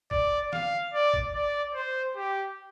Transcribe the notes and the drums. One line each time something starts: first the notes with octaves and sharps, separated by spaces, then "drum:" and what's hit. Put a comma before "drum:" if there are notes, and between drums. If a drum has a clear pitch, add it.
D5, drum: kick
F5, drum: snare
D5
drum: kick
D5
C5
G4